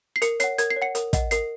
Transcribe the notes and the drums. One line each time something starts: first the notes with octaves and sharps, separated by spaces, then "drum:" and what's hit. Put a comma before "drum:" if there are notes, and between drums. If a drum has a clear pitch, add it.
C7
A#4 C#7, drum: hi-hat
C#5 F#5 C7, drum: hi-hat
A#4 G#6, drum: hi-hat
C7
C#5
F#5 C#7
A#4, drum: hi-hat
D#5 F#5, drum: kick, hi-hat
A#4 C7, drum: hi-hat